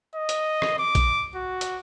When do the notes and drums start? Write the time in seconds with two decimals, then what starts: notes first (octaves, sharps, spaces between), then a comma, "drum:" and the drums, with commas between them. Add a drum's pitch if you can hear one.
0.15 D#5
0.29 drum: hi-hat
0.62 drum: rim click
0.78 D6
0.95 drum: kick, hi-hat
1.35 F#4
1.61 drum: hi-hat